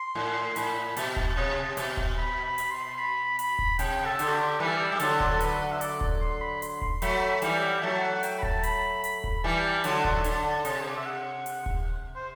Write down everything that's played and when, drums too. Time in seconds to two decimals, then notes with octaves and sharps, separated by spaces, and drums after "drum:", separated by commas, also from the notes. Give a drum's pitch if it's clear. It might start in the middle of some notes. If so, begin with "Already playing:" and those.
Already playing: C6
0.15 A2
0.56 A2 B5, drum: hi-hat
0.97 B2 A5, drum: hi-hat
1.17 drum: kick D#1
1.36 C3
1.77 B2, drum: hi-hat
1.97 drum: kick D#1
2.18 B5
2.44 B5
2.58 drum: hi-hat
2.71 C6
2.94 C6
2.98 B5
3.39 B5, drum: hi-hat
3.59 drum: kick D#1
3.79 C3 G5, drum: hi-hat
4.06 A4
4.19 D3, drum: hi-hat
4.28 F#4
4.33 G4
4.60 E3 G3 B4
4.67 A4
4.74 G4
4.82 A4
4.92 G3
4.99 D3 F#3 A4, drum: hi-hat
5.20 drum: kick D#1
5.32 A4
5.40 B4, drum: hi-hat
5.63 F#5
5.72 E5
5.81 D5, drum: hi-hat
6.01 drum: kick D#1
6.21 C6
6.41 B5
6.62 C6, drum: hi-hat
6.82 C6, drum: kick D#1
7.02 F#3 A3 B5, drum: hi-hat
7.42 E3 G3, drum: hi-hat
7.51 D5
7.59 E5
7.66 F#5
7.75 G5
7.82 F#3 A3 A5
8.03 F#5
8.23 G5, drum: hi-hat
8.39 B5
8.43 A5, drum: kick D#1
8.63 B5, drum: hi-hat
9.04 B5, drum: hi-hat
9.24 drum: kick D#1
9.44 E3 G3 A5
9.84 D3 F#3, drum: hi-hat
10.05 drum: kick D#1
10.24 D3, drum: hi-hat
10.65 C3, drum: hi-hat
10.81 C5
10.89 D5
10.97 E5
11.06 F#5
11.46 drum: hi-hat
11.66 drum: kick D#1
12.16 C5